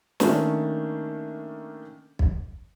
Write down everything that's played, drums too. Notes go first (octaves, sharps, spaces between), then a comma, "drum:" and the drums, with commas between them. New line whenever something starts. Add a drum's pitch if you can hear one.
D#3 A3 A#3 C#4 D4, drum: snare
drum: kick